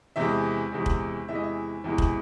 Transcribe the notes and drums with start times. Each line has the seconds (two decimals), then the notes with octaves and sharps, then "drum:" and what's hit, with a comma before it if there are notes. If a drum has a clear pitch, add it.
0.16 E2 C3 E3 G#3 E5
0.72 E2 C3 E3 G#3
0.86 drum: kick
1.28 E2 C3 E3 G#3 E5
1.35 D#5
1.43 E5
1.84 E2 C3 E3 G#3
1.98 drum: kick